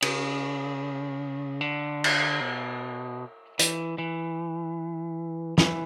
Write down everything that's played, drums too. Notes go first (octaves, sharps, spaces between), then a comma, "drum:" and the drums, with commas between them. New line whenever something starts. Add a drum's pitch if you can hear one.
C#3, drum: cymbal
D3
drum: cymbal
B2
E3, drum: hi-hat
E3
E3, drum: snare